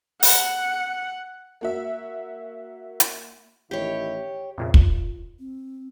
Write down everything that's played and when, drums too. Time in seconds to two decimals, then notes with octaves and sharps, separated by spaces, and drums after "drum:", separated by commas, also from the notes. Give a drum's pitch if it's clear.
0.23 F#5, drum: open hi-hat
1.61 A#3 F#4 E5
3.00 drum: hi-hat
3.71 A1 D#3 E4 G4 C#5
4.58 F2 A#2 C#3 E5
4.74 F4, drum: kick
5.40 C4